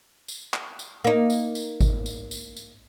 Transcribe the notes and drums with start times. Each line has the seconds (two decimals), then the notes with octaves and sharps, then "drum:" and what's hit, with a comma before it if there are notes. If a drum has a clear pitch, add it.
0.28 drum: tambourine
0.54 drum: clap
0.79 drum: tambourine
1.04 A#3 D#4
1.30 drum: tambourine
1.55 drum: tambourine
1.80 drum: kick G#1, tambourine
2.06 drum: tambourine
2.31 drum: tambourine
2.57 drum: tambourine